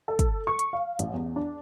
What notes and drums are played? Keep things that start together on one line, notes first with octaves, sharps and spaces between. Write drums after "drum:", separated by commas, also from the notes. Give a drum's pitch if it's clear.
A4
drum: kick, hi-hat
C#6
drum: hi-hat
F5
A1, drum: hi-hat
E2
D4